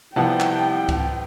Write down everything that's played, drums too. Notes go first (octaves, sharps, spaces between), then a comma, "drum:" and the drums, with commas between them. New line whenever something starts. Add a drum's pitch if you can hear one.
C2 C3 F3 B3 F#5 G5 A5
drum: clap
drum: kick C#2, cymbal